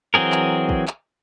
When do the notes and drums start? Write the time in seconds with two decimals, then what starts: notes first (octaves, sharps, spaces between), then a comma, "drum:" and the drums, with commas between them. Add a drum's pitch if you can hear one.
0.14 E3 F#3 C4 G#4 A#4
0.32 drum: clap
0.69 drum: kick
0.88 drum: clap